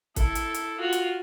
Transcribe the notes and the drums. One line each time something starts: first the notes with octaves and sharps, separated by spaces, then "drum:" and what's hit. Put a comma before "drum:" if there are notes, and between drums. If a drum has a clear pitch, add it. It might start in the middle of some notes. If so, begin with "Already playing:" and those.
E4 A4, drum: kick, hi-hat
drum: hi-hat
drum: hi-hat
F4 F#4
drum: hi-hat